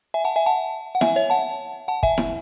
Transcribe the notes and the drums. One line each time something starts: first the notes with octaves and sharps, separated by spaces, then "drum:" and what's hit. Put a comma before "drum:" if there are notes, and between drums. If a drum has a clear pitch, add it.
E5 G#5
F#5 A5
E5 G#5
F#5 A5
F#5
E5 G#5, drum: snare E4
C#5 E5
F#5 A5
F#5 A5
E5 G#5, drum: kick
drum: snare E4